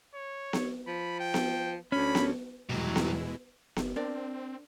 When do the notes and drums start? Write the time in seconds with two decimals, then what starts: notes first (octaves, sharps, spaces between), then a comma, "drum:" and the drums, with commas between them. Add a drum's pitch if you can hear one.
0.15 C#5
0.53 drum: snare B3
0.87 F3 B5
1.20 G5
1.34 drum: snare B3
1.92 D2 C#4 B5
2.15 drum: snare B3
2.69 E2 G2 B2 F#3 G#3 E4
2.96 drum: snare B3
3.76 F#1, drum: snare B3
3.96 C4 D4 A#4 D5